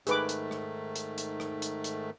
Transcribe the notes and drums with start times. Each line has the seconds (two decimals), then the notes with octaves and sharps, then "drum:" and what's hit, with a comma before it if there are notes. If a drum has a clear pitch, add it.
0.07 G#2 D#3 A3 G#4 B4 D6, drum: hi-hat
0.29 drum: hi-hat
0.51 drum: rim click
0.96 drum: hi-hat
1.18 drum: hi-hat
1.40 drum: rim click
1.62 drum: hi-hat
1.84 drum: hi-hat